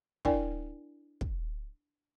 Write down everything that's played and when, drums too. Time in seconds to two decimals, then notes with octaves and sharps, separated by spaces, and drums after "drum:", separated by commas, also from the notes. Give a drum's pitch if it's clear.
0.25 D4 E4 A#4 D5 G5 G#5, drum: kick
1.21 drum: kick